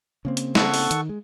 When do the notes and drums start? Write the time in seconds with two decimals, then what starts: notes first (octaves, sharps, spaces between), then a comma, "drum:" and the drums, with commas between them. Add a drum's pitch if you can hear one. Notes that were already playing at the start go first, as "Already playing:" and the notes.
0.25 C#3 A#3 C4
0.37 drum: hi-hat
0.55 A4 F#5 C#6, drum: snare
0.74 drum: open hi-hat
0.91 D#3, drum: hi-hat
1.09 G#3